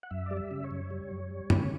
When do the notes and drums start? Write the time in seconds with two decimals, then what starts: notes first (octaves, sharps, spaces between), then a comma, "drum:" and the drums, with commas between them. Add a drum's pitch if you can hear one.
0.03 F#5
0.10 F#2 E5
0.26 G3 D5
0.37 E5
0.51 C#3
0.64 C#5
0.71 F#2
0.90 G3
1.11 F#2
1.30 G3
1.50 C#3, drum: tom G2